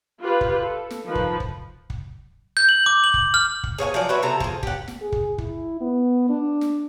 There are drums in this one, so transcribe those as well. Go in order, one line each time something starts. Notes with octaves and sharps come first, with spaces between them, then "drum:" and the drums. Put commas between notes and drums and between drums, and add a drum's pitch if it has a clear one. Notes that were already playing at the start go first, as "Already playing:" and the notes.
F4 G4 B4
drum: kick
A4
drum: snare
D#3 F3 B4
drum: kick
drum: kick
drum: kick
G6
F#7
D6
F#7
drum: kick
F6
drum: kick
G#4 C#5 F5 G#5
F3 F#3 D5
F#4 B4 C#5 E5
C3 A4 A#5
F3 G#4, drum: kick
G4 F#5, drum: kick
drum: snare
G#4
drum: kick
E4, drum: kick
B3
D4
drum: snare